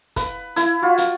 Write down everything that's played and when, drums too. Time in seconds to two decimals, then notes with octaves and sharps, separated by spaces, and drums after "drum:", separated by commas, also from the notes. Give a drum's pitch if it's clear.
0.16 B4, drum: kick, hi-hat
0.56 E4, drum: hi-hat
0.82 F4 F#4
0.98 drum: hi-hat